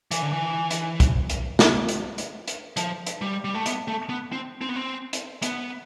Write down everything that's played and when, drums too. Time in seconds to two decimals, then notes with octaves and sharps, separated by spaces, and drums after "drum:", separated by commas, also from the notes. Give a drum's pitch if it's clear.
0.11 E3, drum: hi-hat
0.22 D3
0.32 E3
0.71 drum: hi-hat
1.00 drum: kick, hi-hat
1.30 drum: hi-hat
1.59 drum: snare
1.89 drum: hi-hat
2.18 drum: hi-hat
2.48 drum: hi-hat
2.77 F3, drum: hi-hat
3.07 drum: hi-hat
3.22 G3
3.44 G3
3.55 A3
3.66 B3, drum: hi-hat
3.88 A3
4.09 B3
4.32 C4
4.61 C4
4.69 B3
4.76 C4
5.13 drum: hi-hat
5.42 B3, drum: hi-hat